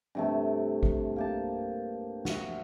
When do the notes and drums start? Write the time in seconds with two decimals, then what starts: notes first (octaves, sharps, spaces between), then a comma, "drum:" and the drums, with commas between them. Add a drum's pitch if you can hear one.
0.15 G2 C3 A3
0.83 drum: kick G#1
1.16 A#3 G4 A5
2.25 F#4 E5, drum: snare